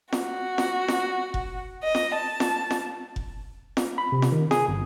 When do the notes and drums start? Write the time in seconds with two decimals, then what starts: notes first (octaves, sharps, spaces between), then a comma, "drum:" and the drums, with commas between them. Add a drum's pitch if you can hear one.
0.12 F#4, drum: snare F4
0.58 drum: snare F4
0.88 drum: snare F4
1.34 drum: kick F1
1.84 D#5
1.95 drum: snare F4
2.14 A5
2.40 drum: snare F4
2.71 drum: snare F4
3.16 drum: kick F1
3.77 drum: snare F4
3.98 B5
4.12 C3
4.22 drum: snare F4
4.32 D#3
4.51 G#4, drum: snare F4
4.68 G1